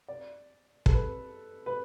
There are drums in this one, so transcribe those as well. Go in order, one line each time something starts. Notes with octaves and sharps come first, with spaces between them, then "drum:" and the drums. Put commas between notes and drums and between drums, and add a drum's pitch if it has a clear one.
D5
A4, drum: kick
B4
B4